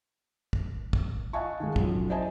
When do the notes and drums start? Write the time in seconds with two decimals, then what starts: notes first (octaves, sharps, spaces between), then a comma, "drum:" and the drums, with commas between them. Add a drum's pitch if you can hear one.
0.53 drum: kick
0.93 drum: kick
1.33 D#5 F5 F#5 G#5 A5 C#6
1.60 D#3 G#3
1.76 B1 F#2 F3, drum: kick
2.09 E4 C5 D5 D#5 G#5 A5